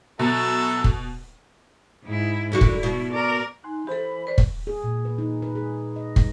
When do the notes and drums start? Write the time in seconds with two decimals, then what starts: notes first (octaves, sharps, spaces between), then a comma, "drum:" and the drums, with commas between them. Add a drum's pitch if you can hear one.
0.19 B2 F#3 E4 A4
0.84 drum: kick
2.04 G#2 E4
2.52 F#2 D3 E4 F#4
2.61 drum: kick
2.83 B2
3.11 A#4 D5
3.64 D#4 G#5 C6 F#6
3.87 E3 G4 A4 C5 E5 B5
4.27 B4 C5 D5
4.38 drum: kick
4.67 G#4
4.84 A#2
5.05 B4
5.18 D#4
5.42 B4
5.55 G#4
5.96 D#5
6.16 G3, drum: kick